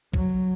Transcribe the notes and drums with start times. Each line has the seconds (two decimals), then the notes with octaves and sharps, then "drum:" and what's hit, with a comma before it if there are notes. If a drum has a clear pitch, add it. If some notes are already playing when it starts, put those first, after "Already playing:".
0.14 F#3, drum: kick B1